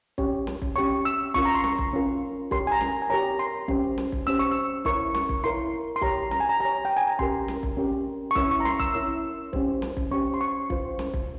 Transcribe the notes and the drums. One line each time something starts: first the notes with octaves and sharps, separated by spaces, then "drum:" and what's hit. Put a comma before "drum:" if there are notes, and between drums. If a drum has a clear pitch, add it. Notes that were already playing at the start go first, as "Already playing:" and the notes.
C#4 G4 C#5, drum: kick
drum: snare
drum: kick
C#4 G4 C#5 C#6
E6
C#4 F4 A#4 C#6, drum: kick
A#5
C6
C#6, drum: snare
drum: kick
C#4 F4 A#4
G4 A#4 C#5 C6, drum: kick
G#5
A#5
drum: snare
G#5
G4 A#4 C#5 A#5
C6
C#4 G4 C5, drum: kick
drum: snare
drum: kick
C#4 G4 C5 E6
C#6
E6
E4 A#4 C#5 C#6, drum: kick
C#6, drum: snare
drum: kick
E4 A#4 C#5 C6
C6
G4 C#5 A#5, drum: kick
A#5, drum: snare
G#5
A#5
G4 C#5 A#5
G5
G#5
A#5
C#4 G4 A#4 C6, drum: kick
drum: snare
drum: kick
C#4 G4 A#4
C#6
C#4 E4 A#4 C#5 E6, drum: kick
C#6
A#5
C6, drum: snare
E6, drum: kick
C#4 E4 A#4 C#5 E6
C#4 G4 C5, drum: kick
drum: snare
drum: kick
C#4 G4 C5 C#6
C6
C#6
F4 C5, drum: kick
drum: snare
drum: kick